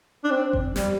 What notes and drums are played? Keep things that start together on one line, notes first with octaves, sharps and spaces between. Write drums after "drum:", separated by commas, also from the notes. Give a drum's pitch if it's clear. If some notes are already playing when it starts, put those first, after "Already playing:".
D4
C4
drum: kick G1
G3, drum: snare